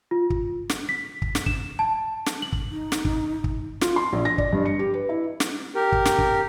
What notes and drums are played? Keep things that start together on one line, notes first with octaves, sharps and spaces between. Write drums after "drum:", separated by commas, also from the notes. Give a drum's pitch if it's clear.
F4
drum: kick
drum: snare
B6
drum: kick
drum: snare
E7, drum: kick
A5
drum: snare
F#7
drum: kick
D#4
drum: snare
drum: kick
drum: kick
F4, drum: snare
C6
A#1
A#6
D5, drum: kick
G2
C#7
G4
B4
E4
drum: snare
G4 A#4
drum: kick
drum: snare
drum: kick